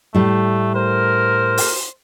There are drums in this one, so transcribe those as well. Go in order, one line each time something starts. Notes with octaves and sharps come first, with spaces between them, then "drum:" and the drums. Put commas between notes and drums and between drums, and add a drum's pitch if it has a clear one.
A2 G3 A3
A#4 C5
drum: open hi-hat